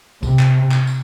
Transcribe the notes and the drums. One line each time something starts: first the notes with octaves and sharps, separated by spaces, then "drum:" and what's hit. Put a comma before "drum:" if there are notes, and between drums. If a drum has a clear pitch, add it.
C3, drum: kick, tambourine
drum: clap
drum: clap
drum: tambourine